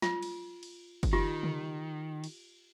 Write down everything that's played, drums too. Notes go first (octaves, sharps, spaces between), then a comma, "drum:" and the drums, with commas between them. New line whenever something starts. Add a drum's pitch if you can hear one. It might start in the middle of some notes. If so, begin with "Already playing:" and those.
F4, drum: snare
drum: cymbal
drum: cymbal
drum: kick, cymbal
D#3 F4 G4
drum: tom C#3
drum: cymbal